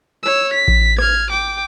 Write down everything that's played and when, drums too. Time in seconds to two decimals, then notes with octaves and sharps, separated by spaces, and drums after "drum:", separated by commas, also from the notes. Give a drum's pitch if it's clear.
0.23 C#5 E6
0.53 B6
0.68 drum: kick A1
0.98 F6 G#6, drum: rim click
1.30 G5 D6